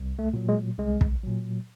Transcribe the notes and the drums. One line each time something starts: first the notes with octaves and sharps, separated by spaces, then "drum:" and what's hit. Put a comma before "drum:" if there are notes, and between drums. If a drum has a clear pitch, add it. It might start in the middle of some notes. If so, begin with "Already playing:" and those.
Already playing: C2
A3
A#2 F#3
G#3
C2 G#3
drum: kick
A#2 F#3